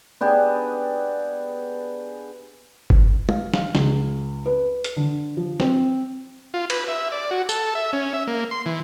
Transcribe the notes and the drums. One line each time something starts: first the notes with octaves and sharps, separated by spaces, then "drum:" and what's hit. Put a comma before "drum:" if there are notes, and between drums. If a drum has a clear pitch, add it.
B3 D4 G4 G#4
drum: kick
F5, drum: tom
F5, drum: snare
C#2, drum: snare
B4
drum: hi-hat
D3
F3
C4, drum: snare
F4
B4, drum: cymbal
E5
D5
F#4
A4, drum: tambourine
E5
C#4
E5
A#3
C6
E3